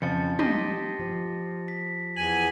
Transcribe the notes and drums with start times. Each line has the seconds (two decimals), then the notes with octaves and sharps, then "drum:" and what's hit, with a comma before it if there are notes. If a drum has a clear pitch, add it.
0.02 F2 C#3 F3 A5 A6 C#7
0.39 G4 C5 D#5 A#6, drum: tom
0.99 F3
1.68 B6
2.17 E2 G#5 B6 F#7